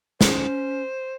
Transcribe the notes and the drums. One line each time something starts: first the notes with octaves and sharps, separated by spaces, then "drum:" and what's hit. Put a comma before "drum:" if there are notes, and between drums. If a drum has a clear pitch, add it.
C#4 C5, drum: snare